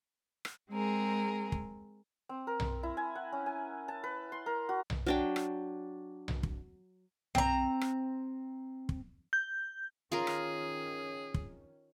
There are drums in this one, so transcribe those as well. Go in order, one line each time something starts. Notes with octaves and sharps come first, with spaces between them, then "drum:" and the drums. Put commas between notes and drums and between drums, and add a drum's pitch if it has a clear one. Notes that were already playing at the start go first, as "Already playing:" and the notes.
drum: rim click
G#3 C4 G#4 A#4
drum: kick
C4
A#4
drum: tom B1
E4
G#5
F#5
C#4
G#5
A5
B4
C6
A#4
F#4
drum: tom B1
F#3 D4 G5
drum: rim click
drum: tom B1
drum: kick
C4 A#5, drum: tom B1
drum: rim click
drum: kick
G6
D#3 C#4 F4 G#4 A#4
drum: rim click
drum: kick